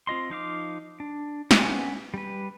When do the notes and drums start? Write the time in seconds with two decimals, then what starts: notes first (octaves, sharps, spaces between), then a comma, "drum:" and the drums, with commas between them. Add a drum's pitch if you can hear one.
0.07 C4 F4 D#5 C6
0.30 F3 D#4 F5 D6
1.00 D4
1.51 B3 C#4 B4 G#5, drum: snare
2.14 G3 B4